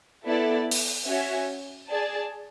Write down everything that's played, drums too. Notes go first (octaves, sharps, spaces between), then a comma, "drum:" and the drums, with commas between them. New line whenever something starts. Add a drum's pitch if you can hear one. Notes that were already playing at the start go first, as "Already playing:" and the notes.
B3 E4 A4 D5
drum: open hi-hat
C#4 F#4 C#5 E5
G#4 D5 A5